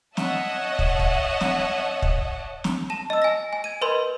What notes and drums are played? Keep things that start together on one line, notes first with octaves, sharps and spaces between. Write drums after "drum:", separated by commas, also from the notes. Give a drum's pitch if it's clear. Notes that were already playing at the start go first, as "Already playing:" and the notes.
C#5 D#5 E5 F#5 A5, drum: snare
drum: kick
drum: kick
drum: snare
drum: kick
drum: snare
A5 A#6 E7
D#5 E6
G#5 A#6
G#5
G#6 D#7
A#4 B4 D#5 B5 C6 G6